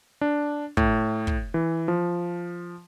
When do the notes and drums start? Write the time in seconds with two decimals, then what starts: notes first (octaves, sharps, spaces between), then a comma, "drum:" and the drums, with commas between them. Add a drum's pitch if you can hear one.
0.21 D4
0.77 A2, drum: kick
1.27 drum: kick
1.54 E3
1.88 F3